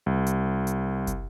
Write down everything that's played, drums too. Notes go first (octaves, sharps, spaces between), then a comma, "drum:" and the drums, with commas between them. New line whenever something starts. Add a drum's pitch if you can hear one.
C2
drum: hi-hat
drum: hi-hat
drum: kick, hi-hat